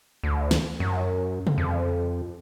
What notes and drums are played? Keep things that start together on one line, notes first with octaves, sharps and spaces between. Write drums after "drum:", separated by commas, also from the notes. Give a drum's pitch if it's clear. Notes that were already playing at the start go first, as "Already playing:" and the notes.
D2
drum: snare
F#2
drum: tom C3
F2